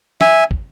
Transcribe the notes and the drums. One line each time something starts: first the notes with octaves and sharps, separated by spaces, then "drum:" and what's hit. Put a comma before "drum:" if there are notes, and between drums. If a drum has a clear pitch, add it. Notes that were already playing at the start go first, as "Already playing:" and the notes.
E5 G#5, drum: snare
drum: kick